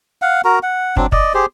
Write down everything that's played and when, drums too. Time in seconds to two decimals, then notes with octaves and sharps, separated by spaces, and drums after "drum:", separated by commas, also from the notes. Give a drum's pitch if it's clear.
0.22 F5 F#5
0.45 F#4 A#4 A#5
0.63 F#5
0.97 F#3 C4 D4, drum: kick
1.12 D5 D#5, drum: kick
1.34 G4 G#4 C5